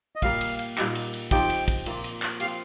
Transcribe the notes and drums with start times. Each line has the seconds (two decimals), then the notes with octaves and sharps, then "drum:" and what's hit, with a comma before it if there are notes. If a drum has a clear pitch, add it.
0.16 D#5
0.22 A#2 G3 A#3 F5, drum: kick, cymbal
0.41 drum: cymbal
0.59 drum: cymbal
0.77 A#2 G3 D#4 G4, drum: clap
0.95 drum: cymbal
1.13 drum: cymbal
1.31 F3 C4 D#4 G4 G5, drum: kick, cymbal
1.50 drum: cymbal
1.68 drum: kick, cymbal
1.86 A#2 A#3 F4, drum: cymbal
2.04 drum: cymbal
2.22 drum: clap
2.40 F3 C4 G4 F5, drum: cymbal